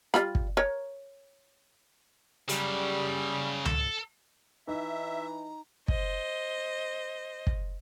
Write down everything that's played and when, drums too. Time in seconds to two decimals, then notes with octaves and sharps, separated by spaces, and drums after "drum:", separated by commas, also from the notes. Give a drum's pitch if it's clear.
0.14 G3 F4 B5, drum: rim click
0.35 drum: kick
0.57 A#4 C#5
2.49 C#3 F#3 G3, drum: hi-hat
3.65 A4, drum: tom C#2
4.68 E3 D#4 E5 A#5
5.88 C5 D#5, drum: kick
7.47 drum: kick